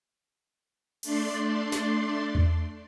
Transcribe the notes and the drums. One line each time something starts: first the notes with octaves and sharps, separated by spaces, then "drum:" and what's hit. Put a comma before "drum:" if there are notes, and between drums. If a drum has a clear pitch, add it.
A3 D4 D5 C6, drum: open hi-hat
drum: snare
drum: tom E2